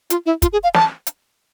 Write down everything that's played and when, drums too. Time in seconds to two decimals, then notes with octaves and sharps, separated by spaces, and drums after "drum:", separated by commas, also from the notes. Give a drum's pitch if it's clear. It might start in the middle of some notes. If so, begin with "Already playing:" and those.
0.10 F4, drum: hi-hat
0.26 E4
0.42 F4, drum: kick, hi-hat
0.53 G#4
0.63 F5
0.74 A5, drum: snare
1.07 drum: hi-hat